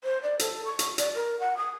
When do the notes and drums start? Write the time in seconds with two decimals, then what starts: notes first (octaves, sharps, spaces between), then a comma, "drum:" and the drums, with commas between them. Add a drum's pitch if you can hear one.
0.04 C5
0.23 D5
0.39 A4, drum: hi-hat
0.66 C#6
0.79 drum: hi-hat
0.98 D5, drum: hi-hat
1.15 A#4
1.40 F#5
1.57 D#6